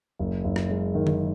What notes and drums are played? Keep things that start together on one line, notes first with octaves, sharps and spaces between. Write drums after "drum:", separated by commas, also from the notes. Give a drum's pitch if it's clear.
F#1
F#1
drum: rim click
G#3
D#3
drum: tom D3